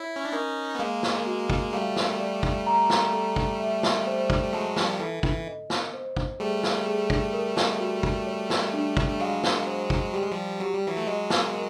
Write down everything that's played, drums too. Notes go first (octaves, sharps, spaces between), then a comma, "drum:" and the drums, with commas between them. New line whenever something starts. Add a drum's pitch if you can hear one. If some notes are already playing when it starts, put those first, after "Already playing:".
Already playing: E4 C#5
C#4
D4
C#4 D#4 A#4
B3
G#3 A#3 F5
drum: snare
F#4
drum: kick
G3 A3 F5
drum: snare
D5
drum: kick
A#5
drum: snare
A4
drum: kick
E5
drum: snare
C5
drum: kick
G3
F#3 G#3 A5
F3 G3, drum: snare
E3 A4
E3, drum: kick
D#5
drum: snare
C5
drum: kick
G3 A3 G#4
drum: snare
G#4
drum: kick
A#4
drum: snare
F#4
drum: kick
C#5
drum: snare
D4
drum: kick
A3
F#3 G#3 F5
drum: snare
C5
drum: kick
G3 G4
G#3
F3 G3
F#3 G4
G3
E3 F#3
A3
F#3 G#3 D#5
drum: snare
A#4